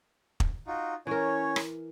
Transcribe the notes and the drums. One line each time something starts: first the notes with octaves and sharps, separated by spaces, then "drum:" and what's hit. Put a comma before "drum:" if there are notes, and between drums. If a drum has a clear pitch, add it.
drum: kick
D#4 F4 F#4
E3 C#4 A#4 C#5
drum: rim click